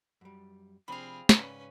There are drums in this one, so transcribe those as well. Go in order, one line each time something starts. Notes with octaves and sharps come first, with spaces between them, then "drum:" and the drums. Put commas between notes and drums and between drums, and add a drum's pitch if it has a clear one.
F#2 G3
C3 F3 C4 D4 G#4 F5 B5
G#2 C#3 C#4 B4 D5, drum: snare